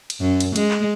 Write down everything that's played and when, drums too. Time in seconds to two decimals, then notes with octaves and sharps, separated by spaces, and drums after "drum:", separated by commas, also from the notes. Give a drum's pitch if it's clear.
0.10 drum: cymbal
0.21 F#2
0.40 drum: cymbal
0.56 G#3, drum: cymbal
0.71 drum: clap